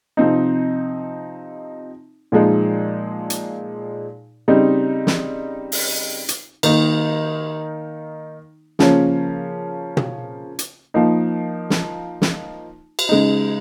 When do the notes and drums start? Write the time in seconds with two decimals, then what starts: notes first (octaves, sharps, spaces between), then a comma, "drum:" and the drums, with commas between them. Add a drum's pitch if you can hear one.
0.17 C3 F3 C4 D#4
2.32 A#2 F3 G#3 D#4
3.30 drum: hi-hat
4.48 C#3 G3 C4 D#4
5.07 drum: snare
5.72 drum: open hi-hat
6.29 drum: hi-hat
6.63 D#3 A#3 D#4, drum: cymbal
8.79 C#3 F3 A#3 C#4, drum: snare
9.97 drum: tom
10.59 drum: hi-hat
10.94 F3 A#3 D#4
11.70 drum: snare
12.22 drum: snare
12.99 drum: cymbal
13.09 C#3 G#3 D#4